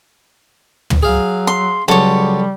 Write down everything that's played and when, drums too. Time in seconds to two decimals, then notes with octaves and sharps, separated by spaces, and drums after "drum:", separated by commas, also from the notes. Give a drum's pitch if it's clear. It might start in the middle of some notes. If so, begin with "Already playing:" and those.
0.90 drum: tom
1.03 F#3 G#4 F5
1.47 C6
1.88 C#2 F#3 G3 A4 C#5